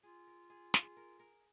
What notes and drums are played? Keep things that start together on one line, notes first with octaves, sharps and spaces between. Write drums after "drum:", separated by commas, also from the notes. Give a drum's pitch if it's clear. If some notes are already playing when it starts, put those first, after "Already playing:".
F4 G#4
A#4
G#4
G#4, drum: snare
A#4
A#4